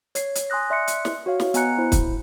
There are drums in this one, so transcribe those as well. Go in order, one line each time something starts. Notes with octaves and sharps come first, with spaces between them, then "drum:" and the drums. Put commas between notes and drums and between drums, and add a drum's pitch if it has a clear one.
C#5 C7, drum: hi-hat
drum: hi-hat
G#5 C6 D#6 F#6 A#6
D5 E5 C6 F#6 C#7
drum: hi-hat
drum: snare
F#4 C#5 F5
drum: snare
B3 D#5 G#5 A#5 F#6 C#7, drum: hi-hat
E4 C5
drum: kick, hi-hat